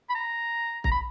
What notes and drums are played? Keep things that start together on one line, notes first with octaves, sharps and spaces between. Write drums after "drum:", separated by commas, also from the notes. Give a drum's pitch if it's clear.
B5
A#5
A#5, drum: kick
B5